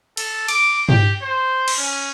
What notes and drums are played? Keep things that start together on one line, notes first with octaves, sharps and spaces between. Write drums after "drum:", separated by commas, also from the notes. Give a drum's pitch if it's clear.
A4, drum: cymbal
D6, drum: cymbal
G4, drum: tom
C5
drum: cymbal
C#4